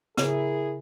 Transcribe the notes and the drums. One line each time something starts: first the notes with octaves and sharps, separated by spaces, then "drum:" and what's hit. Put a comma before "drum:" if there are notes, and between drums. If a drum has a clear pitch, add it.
C#3 E4 G#4 A#4, drum: snare